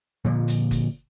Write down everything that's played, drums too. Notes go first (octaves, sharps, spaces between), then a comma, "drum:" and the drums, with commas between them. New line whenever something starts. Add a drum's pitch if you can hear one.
A#2 D3 F3
drum: hi-hat
drum: kick F#1, hi-hat